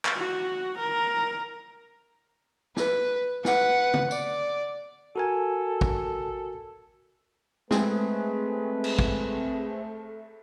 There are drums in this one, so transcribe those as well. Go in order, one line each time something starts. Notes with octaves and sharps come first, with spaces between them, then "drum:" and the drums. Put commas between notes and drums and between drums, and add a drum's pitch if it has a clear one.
drum: clap
F#4
A#4
B4, drum: snare
B4 F#5, drum: snare
drum: tom
D5, drum: tambourine
F#4 A4 A#4 G#5
drum: kick
G#3 A3 C4 G#4 B4, drum: snare
drum: cymbal
drum: kick